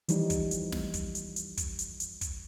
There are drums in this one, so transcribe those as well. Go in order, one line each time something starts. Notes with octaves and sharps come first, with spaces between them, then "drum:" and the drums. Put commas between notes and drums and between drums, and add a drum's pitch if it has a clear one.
E3 F3 G3 D#4, drum: hi-hat
drum: kick, hi-hat
drum: hi-hat
drum: snare
drum: kick, hi-hat
drum: hi-hat
drum: hi-hat
drum: kick, hi-hat
drum: hi-hat
drum: hi-hat
drum: kick, hi-hat